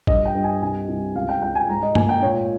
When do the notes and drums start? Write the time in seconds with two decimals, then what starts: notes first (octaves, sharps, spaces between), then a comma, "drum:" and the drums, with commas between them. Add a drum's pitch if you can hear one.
0.07 G2 D#5, drum: kick
0.25 G5
0.35 G2
0.44 G#5
0.62 C2 G#5
0.88 C2
1.15 C#2 F5
1.29 G5
1.42 G#3 G5
1.55 G#5
1.69 G#2 A#5
1.82 D#5
1.95 A#3 G#5, drum: tom G2
2.09 G5
2.22 A#2 C#5